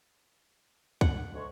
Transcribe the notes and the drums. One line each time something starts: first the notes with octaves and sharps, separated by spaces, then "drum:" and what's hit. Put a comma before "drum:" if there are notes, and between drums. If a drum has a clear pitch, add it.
F#5, drum: kick
D2 G#3 C#5